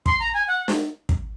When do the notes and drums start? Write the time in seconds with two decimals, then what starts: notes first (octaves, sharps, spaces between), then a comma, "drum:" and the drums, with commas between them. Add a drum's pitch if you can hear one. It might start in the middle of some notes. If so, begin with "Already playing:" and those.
0.06 C6, drum: kick
0.20 A#5
0.34 G#5
0.47 F#5
0.68 drum: snare
1.09 drum: kick